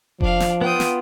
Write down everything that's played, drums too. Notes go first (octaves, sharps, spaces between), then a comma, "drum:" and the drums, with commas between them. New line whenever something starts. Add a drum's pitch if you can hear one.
F3 D4 F5, drum: kick F1
drum: snare
B3 F4 G5 D#6
drum: snare